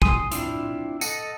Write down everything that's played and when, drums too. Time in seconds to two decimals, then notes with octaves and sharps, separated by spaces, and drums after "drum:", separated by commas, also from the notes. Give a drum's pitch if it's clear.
0.02 G#5 C6 D#6, drum: kick
0.31 C4 D4 E4 F4, drum: hi-hat
1.01 A4 D#5 F#5, drum: tambourine